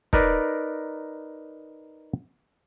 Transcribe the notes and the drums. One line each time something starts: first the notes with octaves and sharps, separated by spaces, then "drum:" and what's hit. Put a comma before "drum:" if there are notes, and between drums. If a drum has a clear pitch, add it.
D#4 A#4 B4 D5, drum: kick